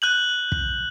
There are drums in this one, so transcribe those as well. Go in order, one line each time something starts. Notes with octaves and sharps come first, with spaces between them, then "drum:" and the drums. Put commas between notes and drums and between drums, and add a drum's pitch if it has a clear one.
F#6 G6 F#7
drum: kick